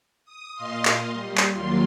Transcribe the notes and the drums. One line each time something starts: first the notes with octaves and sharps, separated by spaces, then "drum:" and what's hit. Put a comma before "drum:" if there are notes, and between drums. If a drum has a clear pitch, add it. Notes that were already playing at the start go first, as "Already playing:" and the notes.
D#6
A#2 D#5 F5 C6
drum: clap
G3
drum: clap
D#2 F#3 A#3 F4 C6